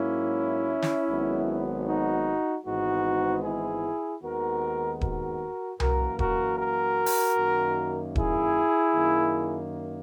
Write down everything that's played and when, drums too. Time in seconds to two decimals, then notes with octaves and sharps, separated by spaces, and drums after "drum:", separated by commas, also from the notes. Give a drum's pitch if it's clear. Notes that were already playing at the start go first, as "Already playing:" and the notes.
Already playing: G#2 F#3 A#3 C#4 E4
0.82 drum: snare
1.09 G#1 G#2 F#3 B3
1.87 D#4 F#4
2.66 G#1 G#2 E3 G#3 B3 D#4 F#4
3.44 E4 G#4
4.23 D#2 D#3 G#3 B3 F#4 A#4
5.01 F#4 A#4, drum: kick D#1
5.80 F#2 E3 A#3 F#4 A#4, drum: tom C2
6.19 F#4 A#4, drum: kick D#1
6.58 F#4 A#4
7.06 drum: open hi-hat
7.38 F#2 D#3 A#3
8.16 E4 G#4, drum: kick D#1
8.95 F#2 D#3 A#3